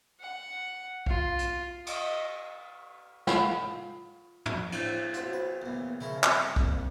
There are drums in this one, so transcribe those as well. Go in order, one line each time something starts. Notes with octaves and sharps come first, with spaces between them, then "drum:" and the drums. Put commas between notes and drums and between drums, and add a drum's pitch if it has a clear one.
F#5
F4, drum: kick B1
drum: hi-hat
D#5, drum: cymbal
F4 F5 F#5 B5, drum: snare
drum: tom
drum: cymbal
F4 F#4 C5, drum: hi-hat
B4
E2 A#2
C#3 F3 C#4 E4 A#4
G2 C4 E5, drum: clap
C2 F2 A#2, drum: kick B1